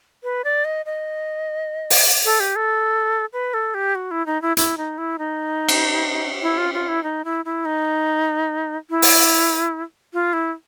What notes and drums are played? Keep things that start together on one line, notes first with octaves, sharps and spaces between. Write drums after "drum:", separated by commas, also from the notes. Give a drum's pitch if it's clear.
B4
D5
D#5
D#5
drum: open hi-hat
A4
G4
A4
B4
A4
G4
F#4
E4
D#4
E4
E4, drum: hi-hat
D#4
E4
D#4
drum: cymbal
E4
F4
F4
E4
D#4
E4
E4
D#4
E4
drum: open hi-hat
F4
E4